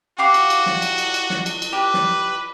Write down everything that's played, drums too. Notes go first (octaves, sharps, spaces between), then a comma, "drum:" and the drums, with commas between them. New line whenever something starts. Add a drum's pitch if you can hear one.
F#4 G4 F5 D6
drum: cymbal
drum: cymbal
drum: snare
drum: cymbal
drum: cymbal
drum: cymbal
drum: snare
drum: cymbal
drum: cymbal
G4 B4
drum: snare